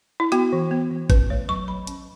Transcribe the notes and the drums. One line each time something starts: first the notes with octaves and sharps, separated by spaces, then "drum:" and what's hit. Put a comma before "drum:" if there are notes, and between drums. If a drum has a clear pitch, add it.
E4
B3 F#4, drum: hi-hat
E3
B3
E3
C#4 B4, drum: kick G#1, hi-hat
A3 C#5
F#3 C#6
F#3 B5
C#4, drum: hi-hat